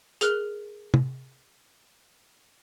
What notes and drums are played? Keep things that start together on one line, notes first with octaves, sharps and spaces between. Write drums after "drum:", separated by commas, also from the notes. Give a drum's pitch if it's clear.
G#4 A#4 F6 F#6, drum: hi-hat
drum: tom